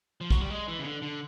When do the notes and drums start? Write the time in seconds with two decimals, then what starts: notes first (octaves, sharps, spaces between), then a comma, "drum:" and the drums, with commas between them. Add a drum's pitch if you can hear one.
0.21 F3
0.30 F#3, drum: kick A#1
0.41 G3
0.50 G#3
0.68 E3
0.79 C#3
0.85 D3
1.02 D3